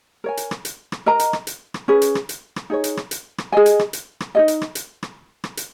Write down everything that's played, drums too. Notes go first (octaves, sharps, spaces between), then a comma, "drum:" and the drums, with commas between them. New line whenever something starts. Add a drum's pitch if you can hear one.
A#4 C#5 G#5
drum: hi-hat
drum: rim click
drum: hi-hat
drum: rim click
A#4 D#5 A#5
drum: hi-hat
drum: rim click
drum: hi-hat
drum: rim click
C#4 G#4 B4
drum: hi-hat
drum: rim click
drum: hi-hat
drum: rim click
D#4 G#4 C#5
drum: hi-hat
drum: rim click
drum: hi-hat
drum: rim click
G#4 D#5 G#5
drum: hi-hat
drum: rim click
drum: hi-hat
drum: rim click
D#4 G#4 D#5
drum: hi-hat
drum: rim click
drum: hi-hat
drum: rim click
drum: rim click
drum: hi-hat